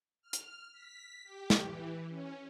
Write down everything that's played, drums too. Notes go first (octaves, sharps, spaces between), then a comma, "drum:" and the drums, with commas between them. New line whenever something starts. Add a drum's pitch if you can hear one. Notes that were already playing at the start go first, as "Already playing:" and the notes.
F6
drum: hi-hat
B6
G4
drum: snare
E3
C#4